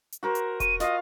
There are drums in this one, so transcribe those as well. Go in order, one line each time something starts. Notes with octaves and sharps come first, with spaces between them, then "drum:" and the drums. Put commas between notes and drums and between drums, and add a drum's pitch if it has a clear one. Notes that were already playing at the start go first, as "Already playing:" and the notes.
drum: hi-hat
F#4 A#4 C5
drum: hi-hat
C#6 D#7, drum: kick E1, hi-hat
F4 D#5 F5, drum: snare